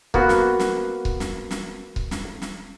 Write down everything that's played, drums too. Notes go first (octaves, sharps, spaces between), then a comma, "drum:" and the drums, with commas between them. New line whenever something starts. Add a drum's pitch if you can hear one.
A#3 B3 F#4, drum: kick C#1
drum: snare
drum: snare
drum: kick C#1
drum: snare
drum: snare
drum: kick C#1
drum: snare
drum: snare